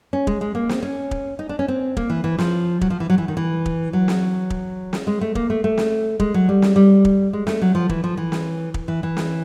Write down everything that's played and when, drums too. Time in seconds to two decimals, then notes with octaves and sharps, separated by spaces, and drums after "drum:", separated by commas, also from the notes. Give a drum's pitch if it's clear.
0.13 C#4
0.27 G#3, drum: kick
0.41 G#3
0.55 A#3
0.69 C4, drum: snare
0.82 C#4
1.11 drum: kick
1.39 D#4
1.49 D4
1.59 C#4
1.68 C4
1.97 A#3, drum: kick
2.10 E3
2.24 E3
2.38 F3, drum: snare
2.81 F#3, drum: kick
2.90 F3
3.00 E3
3.10 F#3
3.18 E3
3.28 D#3
3.37 E3
3.66 drum: kick
3.93 F#3
4.08 drum: snare
4.50 drum: kick
4.93 drum: snare
5.07 G#3
5.21 A3
5.35 A#3, drum: kick
5.50 A3
5.64 A3
5.77 drum: snare
6.20 G#3, drum: kick
6.34 F#3
6.49 G3
6.62 drum: snare
6.76 G3
7.05 drum: kick
7.33 G#3
7.47 A3, drum: snare
7.62 F#3
7.75 F3
7.89 E3, drum: kick
8.04 F3
8.17 E3
8.32 drum: snare
8.74 drum: kick
8.88 E3
9.03 E3
9.17 drum: snare